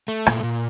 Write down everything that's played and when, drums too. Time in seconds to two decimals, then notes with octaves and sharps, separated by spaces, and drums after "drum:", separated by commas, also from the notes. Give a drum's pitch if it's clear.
0.08 A3
0.26 A#2, drum: rim click
0.43 A#2